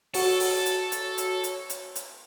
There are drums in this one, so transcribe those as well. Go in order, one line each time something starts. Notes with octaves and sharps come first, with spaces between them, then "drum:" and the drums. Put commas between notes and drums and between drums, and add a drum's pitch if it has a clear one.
F#4 A4 C#5, drum: open hi-hat
drum: open hi-hat
drum: hi-hat
drum: hi-hat
drum: hi-hat
drum: hi-hat
drum: hi-hat
drum: hi-hat